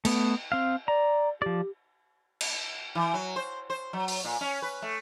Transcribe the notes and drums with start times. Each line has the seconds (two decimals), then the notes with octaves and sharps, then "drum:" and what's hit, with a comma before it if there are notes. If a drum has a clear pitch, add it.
0.05 A3 B3, drum: cymbal
0.52 C4 F5
0.88 D5 A#5
1.42 F3 G4 D5
2.41 drum: cymbal
2.95 E3
3.14 F#3
3.36 C5
3.70 C5
3.93 F#3
4.08 drum: open hi-hat
4.25 A#2
4.41 C#4
4.62 B4
4.82 A3